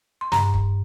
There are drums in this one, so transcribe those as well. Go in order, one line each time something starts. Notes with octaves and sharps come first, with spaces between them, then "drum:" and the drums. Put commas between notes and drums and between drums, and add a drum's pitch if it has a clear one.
C6
G2 A#5, drum: snare
drum: kick